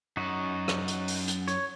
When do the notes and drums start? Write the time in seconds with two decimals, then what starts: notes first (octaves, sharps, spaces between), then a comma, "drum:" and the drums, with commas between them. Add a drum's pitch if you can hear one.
0.17 F#2 D#4 F#4
0.68 drum: rim click
0.88 drum: hi-hat
1.08 drum: open hi-hat
1.28 drum: hi-hat
1.48 C#5, drum: hi-hat